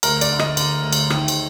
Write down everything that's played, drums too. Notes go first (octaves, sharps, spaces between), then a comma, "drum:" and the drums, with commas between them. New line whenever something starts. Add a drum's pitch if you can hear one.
D2 A#4, drum: cymbal
D5, drum: cymbal
D3
D#5, drum: rim click
D3, drum: cymbal
D2
drum: cymbal
D#3, drum: rim click
drum: cymbal